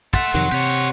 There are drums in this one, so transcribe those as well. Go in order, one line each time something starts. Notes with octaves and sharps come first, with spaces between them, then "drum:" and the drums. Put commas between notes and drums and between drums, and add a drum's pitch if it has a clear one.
A4 E5 F#5 C6, drum: kick
F2 C3 D#3 F#3, drum: hi-hat
C3 G4 C#5